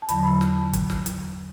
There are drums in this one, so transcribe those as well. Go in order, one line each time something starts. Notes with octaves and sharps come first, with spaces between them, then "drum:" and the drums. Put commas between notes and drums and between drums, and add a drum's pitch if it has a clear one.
A5
E2 D3 F#3 B5, drum: hi-hat
drum: snare
drum: kick, hi-hat
drum: snare
drum: hi-hat